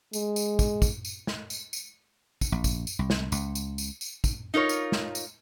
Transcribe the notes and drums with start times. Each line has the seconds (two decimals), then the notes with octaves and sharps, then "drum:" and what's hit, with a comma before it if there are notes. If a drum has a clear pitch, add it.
0.13 G#3, drum: tambourine
0.36 drum: tambourine
0.59 drum: kick, tambourine
0.82 drum: kick, tambourine
1.05 drum: tambourine
1.27 drum: snare
1.50 drum: tambourine
1.73 drum: tambourine
2.41 drum: kick, tambourine
2.52 A#1
2.64 drum: kick, tambourine
2.87 drum: tambourine
2.99 C2
3.10 drum: snare
3.32 C#2, drum: tambourine
3.55 drum: tambourine
3.78 drum: tambourine
4.01 drum: tambourine
4.24 drum: kick, tambourine
4.54 D#4 F4 A#4 C#5
4.69 drum: tambourine
4.92 drum: snare
5.15 drum: tambourine